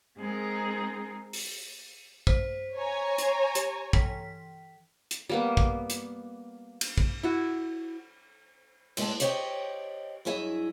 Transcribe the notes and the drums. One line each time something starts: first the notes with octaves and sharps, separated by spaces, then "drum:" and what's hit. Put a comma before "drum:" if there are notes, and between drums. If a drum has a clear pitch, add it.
G#3 C4 D#4 G#4 A#4
drum: open hi-hat
C5 B6, drum: kick
C#5 G#5 A#5
C6 C7, drum: hi-hat
G4, drum: hi-hat
E3 B6, drum: kick
drum: hi-hat
G3 A#3 B3
drum: kick
drum: hi-hat
drum: cymbal
drum: kick
E4 F#4
A2 G#3 B4 D#5 A5, drum: cymbal
G4 C5 C#5 D#5 F#5 G5, drum: hi-hat
G2 F#3 E4 G#4 D#5 E5